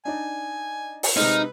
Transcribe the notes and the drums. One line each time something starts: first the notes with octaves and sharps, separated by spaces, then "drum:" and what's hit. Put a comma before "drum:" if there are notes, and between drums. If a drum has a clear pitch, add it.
D4 D#4 D5 G#5
drum: open hi-hat
C3 G#3 D#4 B4 C5 F6